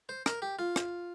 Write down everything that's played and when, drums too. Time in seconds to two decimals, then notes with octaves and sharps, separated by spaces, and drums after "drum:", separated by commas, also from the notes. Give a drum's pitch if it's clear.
0.09 C5
0.26 A#4, drum: rim click
0.42 G4
0.59 F4
0.76 drum: rim click